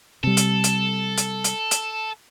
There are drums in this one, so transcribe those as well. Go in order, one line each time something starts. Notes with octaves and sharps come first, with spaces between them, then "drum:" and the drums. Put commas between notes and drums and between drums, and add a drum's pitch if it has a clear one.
C3 G3 A4
drum: hi-hat
drum: hi-hat
drum: hi-hat
drum: hi-hat
drum: hi-hat